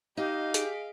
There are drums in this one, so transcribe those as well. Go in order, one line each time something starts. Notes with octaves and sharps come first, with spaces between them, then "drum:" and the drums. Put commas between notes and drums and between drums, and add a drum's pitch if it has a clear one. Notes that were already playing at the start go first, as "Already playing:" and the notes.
D#4 G4 D#5 F5
G#4 B6 D7, drum: hi-hat